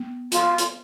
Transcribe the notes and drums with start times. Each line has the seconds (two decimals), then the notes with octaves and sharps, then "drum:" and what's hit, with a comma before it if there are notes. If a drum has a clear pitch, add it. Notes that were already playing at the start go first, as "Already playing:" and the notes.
Already playing: B3
0.32 F4, drum: hi-hat
0.58 drum: hi-hat